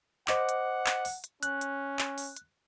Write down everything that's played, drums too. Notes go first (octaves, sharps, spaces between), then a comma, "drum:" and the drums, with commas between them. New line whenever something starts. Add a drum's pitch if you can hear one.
C5 D#5 F#5 D6, drum: clap
drum: hi-hat
drum: clap
drum: open hi-hat
drum: hi-hat
C#4 F#6, drum: hi-hat
drum: hi-hat
drum: clap
drum: open hi-hat
drum: hi-hat